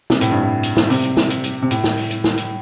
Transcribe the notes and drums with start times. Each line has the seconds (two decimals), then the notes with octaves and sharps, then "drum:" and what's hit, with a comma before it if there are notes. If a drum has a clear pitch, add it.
0.10 C3, drum: snare
0.21 A2, drum: hi-hat
0.31 G2
0.42 A2
0.63 drum: hi-hat
0.77 drum: snare
0.90 C3, drum: open hi-hat
1.03 drum: hi-hat
1.17 drum: snare
1.30 drum: hi-hat
1.44 drum: hi-hat
1.63 C3
1.71 A2, drum: hi-hat
1.84 drum: snare
1.97 drum: open hi-hat
2.11 drum: hi-hat
2.24 drum: snare
2.38 drum: hi-hat